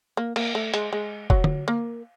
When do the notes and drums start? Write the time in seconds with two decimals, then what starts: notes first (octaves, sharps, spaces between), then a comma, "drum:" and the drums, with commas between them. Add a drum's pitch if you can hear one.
0.17 A#3
0.36 A#3, drum: cymbal
0.55 A3
0.74 G#3, drum: hi-hat
0.93 G#3
1.30 F#3, drum: kick E1
1.44 drum: tom
1.68 A#3